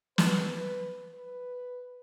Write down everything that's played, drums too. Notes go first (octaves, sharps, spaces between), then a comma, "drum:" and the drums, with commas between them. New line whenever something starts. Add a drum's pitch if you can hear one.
B4, drum: snare
B4